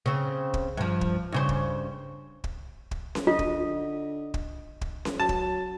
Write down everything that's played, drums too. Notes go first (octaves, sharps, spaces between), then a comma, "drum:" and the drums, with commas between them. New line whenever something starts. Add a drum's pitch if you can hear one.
C#3 C4
drum: kick
G2 F3
drum: kick
G2 C#3 C5
drum: kick
drum: kick
drum: kick
drum: snare C#4
D3 F4 D#5
drum: kick
drum: kick
drum: kick
drum: snare C#4
F#3 A5
drum: kick